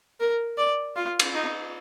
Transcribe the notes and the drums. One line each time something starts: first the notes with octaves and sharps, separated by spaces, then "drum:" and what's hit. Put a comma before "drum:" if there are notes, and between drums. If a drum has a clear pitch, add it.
A#4
D5
F4
drum: cymbal
D#4